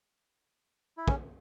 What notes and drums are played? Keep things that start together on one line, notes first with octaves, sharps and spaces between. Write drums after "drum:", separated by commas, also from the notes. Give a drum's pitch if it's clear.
E4
C#4, drum: kick